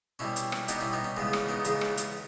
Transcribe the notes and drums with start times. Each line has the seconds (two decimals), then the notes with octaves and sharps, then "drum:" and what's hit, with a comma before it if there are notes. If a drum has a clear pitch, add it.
0.19 B2 G3 C#4 E4
0.36 drum: hi-hat
0.52 drum: rim click
0.68 B2 G3 B3 D#4, drum: hi-hat
0.80 C#4 E4
0.93 B3 D#4
1.05 C#4
1.17 E2 C#3 G#3 B3
1.33 C#4, drum: rim click
1.49 B3 D#4
1.65 E2 C#3 G#3, drum: hi-hat
1.81 drum: rim click
1.97 drum: hi-hat